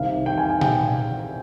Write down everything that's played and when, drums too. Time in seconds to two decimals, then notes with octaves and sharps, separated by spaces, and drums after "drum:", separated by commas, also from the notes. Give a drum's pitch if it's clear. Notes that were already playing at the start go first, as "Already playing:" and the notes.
Already playing: C2 C3 D#3 F5
0.26 G5
0.38 G#5
0.50 G5
0.61 G5, drum: tom A#2